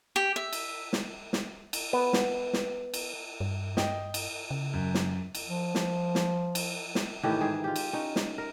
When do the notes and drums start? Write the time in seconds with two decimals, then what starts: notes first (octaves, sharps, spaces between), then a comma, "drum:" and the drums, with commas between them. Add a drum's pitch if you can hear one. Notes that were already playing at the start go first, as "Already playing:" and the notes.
0.16 G4
0.36 E5
0.53 drum: cymbal
0.93 drum: snare
1.33 drum: snare
1.73 drum: cymbal
1.93 B3
2.13 drum: snare
2.53 drum: snare
2.94 drum: cymbal
3.40 G2
3.77 D#5 G5, drum: snare
4.14 drum: cymbal
4.51 C#3
4.73 F#2
4.94 drum: snare
5.35 drum: cymbal
5.47 F3
5.75 drum: snare
6.15 drum: snare
6.55 drum: cymbal
6.95 drum: snare
7.23 A2 D#3 E3 G4
7.41 G#2 G#4
7.64 F4 G4
7.76 drum: cymbal
7.93 C#4 D#4
8.16 drum: snare
8.38 A#4